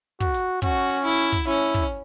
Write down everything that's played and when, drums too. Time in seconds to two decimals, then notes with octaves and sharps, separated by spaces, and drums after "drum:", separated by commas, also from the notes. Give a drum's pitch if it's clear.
0.20 F#4, drum: kick
0.34 drum: hi-hat
0.62 C#4 F#4, drum: kick, hi-hat
0.90 drum: open hi-hat
1.05 E4
1.18 drum: hi-hat
1.32 drum: kick
1.47 C#4 E4, drum: hi-hat
1.74 drum: kick, hi-hat